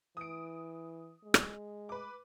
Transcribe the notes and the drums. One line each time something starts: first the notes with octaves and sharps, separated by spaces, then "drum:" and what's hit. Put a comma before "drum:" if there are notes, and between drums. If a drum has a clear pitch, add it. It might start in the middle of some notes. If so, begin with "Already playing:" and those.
E3 D#6 D7
G#3
drum: rim click
B4 D6